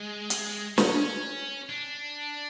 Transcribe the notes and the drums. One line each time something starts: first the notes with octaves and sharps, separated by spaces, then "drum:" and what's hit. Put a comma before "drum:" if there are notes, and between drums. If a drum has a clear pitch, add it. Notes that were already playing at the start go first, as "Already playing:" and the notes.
Already playing: G#3
drum: hi-hat
C#4, drum: snare
D4